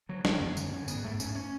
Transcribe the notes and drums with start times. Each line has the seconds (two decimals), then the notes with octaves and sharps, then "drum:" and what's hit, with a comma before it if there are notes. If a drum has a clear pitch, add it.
0.09 D3 F#3
0.25 D3 G#3, drum: snare
0.40 F#2 B3
0.57 D3 C#4, drum: tambourine
0.72 F#2 C#4
0.88 G#2 B3, drum: tambourine
1.04 G#2 A3
1.20 G#2 C#4, drum: tambourine
1.35 C#4